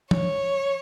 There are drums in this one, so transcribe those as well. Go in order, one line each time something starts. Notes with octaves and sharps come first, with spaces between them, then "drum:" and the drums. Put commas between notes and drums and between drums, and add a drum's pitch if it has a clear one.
C#5, drum: tom